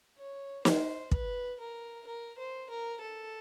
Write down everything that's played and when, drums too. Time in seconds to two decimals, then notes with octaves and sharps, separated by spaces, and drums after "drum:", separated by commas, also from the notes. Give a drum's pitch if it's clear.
0.17 C#5
0.65 C5, drum: snare
1.11 B4, drum: kick
1.60 A#4
2.07 A#4
2.38 C5
2.70 A#4
3.01 A4